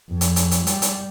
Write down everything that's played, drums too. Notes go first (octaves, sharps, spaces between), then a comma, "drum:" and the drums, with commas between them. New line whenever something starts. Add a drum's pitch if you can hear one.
F2
drum: hi-hat
drum: hi-hat
drum: hi-hat
G3, drum: hi-hat
drum: hi-hat